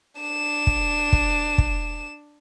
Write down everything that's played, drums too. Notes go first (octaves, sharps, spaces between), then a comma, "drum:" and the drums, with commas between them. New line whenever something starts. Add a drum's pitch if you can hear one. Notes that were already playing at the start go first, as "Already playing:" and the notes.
D4 E7
drum: kick
drum: kick
drum: kick